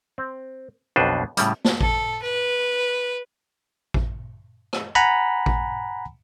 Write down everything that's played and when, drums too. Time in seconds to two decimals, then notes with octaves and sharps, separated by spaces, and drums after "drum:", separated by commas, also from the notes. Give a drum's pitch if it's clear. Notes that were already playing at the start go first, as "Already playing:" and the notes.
0.18 C4
0.96 B1 F2 B2 D4 B4 C5
1.37 A2 C#3 G3, drum: hi-hat
1.65 drum: snare
1.81 A4, drum: kick A1
2.23 B4
3.94 drum: kick A1
4.73 drum: rim click
4.95 F#5 G#5 A#5 B5
5.46 drum: kick A1